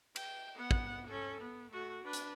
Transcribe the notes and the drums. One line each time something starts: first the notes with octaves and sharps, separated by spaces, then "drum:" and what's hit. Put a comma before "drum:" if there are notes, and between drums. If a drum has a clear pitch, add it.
G5, drum: cymbal
B3 F#5
drum: kick
C#4 A4
B3
A3 F#4
D4 B4
drum: hi-hat